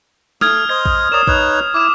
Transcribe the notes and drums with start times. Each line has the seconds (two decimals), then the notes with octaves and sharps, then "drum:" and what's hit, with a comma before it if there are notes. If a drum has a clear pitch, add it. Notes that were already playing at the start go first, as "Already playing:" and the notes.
0.41 A3 D#6 F6 G#6, drum: snare
0.69 C5 D#5 G#6
0.85 drum: kick A#1
1.12 A#4 C#5 D5 D#6 E7
1.27 D#4 B4 C#5, drum: kick A#1
1.74 E4 D6 E7